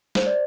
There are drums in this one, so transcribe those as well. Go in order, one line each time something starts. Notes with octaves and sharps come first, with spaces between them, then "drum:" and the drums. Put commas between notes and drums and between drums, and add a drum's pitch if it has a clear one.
C5, drum: snare
D5